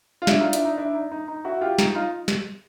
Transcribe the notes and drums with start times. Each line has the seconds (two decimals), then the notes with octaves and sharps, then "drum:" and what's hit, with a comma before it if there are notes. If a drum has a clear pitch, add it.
0.22 F4
0.27 D4 E4, drum: snare
0.40 D#4 F4
0.53 D4 E4, drum: hi-hat
0.65 D#4
0.77 D4 E4
0.95 D#4
1.12 D#4
1.28 D#4
1.44 E4 F#4
1.61 F4 G4
1.79 D#4, drum: snare
1.95 D#4 F4
2.28 drum: snare